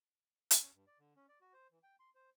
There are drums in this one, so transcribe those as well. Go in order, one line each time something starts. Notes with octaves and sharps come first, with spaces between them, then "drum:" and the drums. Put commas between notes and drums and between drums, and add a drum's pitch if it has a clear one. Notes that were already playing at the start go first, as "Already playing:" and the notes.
drum: hi-hat
C#4
G2
D5
D3
C#4
D5
F#4
C5
E3
G5
C6
C5